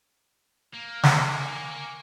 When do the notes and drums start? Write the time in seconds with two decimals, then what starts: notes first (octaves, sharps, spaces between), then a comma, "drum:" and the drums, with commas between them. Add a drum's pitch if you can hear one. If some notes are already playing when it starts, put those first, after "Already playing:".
0.74 A#3
1.03 G#5 C#6 D6, drum: snare